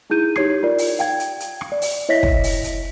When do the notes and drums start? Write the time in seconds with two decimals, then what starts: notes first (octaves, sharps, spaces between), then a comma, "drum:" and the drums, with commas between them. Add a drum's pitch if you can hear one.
0.10 D#4 E4 G#4 G6 D#7
0.36 D#4 G4 C#5 G#6 C7, drum: rim click
0.63 F4 A#4 D5
0.78 drum: open hi-hat
0.99 F5 G5 G#6, drum: hi-hat
1.20 drum: hi-hat
1.40 drum: hi-hat
1.61 drum: rim click
1.72 D5
1.82 drum: open hi-hat
2.09 E4 C#5 D#5 E5 A#6 B6
2.23 drum: kick
2.44 drum: open hi-hat
2.64 drum: hi-hat